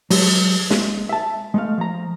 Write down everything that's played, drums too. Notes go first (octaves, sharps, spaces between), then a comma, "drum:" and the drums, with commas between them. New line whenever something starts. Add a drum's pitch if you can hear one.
F#3 G#3, drum: open hi-hat
G#3, drum: snare
E5 A5
G#3 A3 F5
F3 A#5